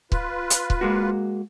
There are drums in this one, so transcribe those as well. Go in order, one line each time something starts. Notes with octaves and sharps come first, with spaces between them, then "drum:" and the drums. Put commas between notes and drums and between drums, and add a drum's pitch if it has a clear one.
F4 B4, drum: kick C#1
drum: hi-hat
drum: kick C#1
G#3 A#3 F#4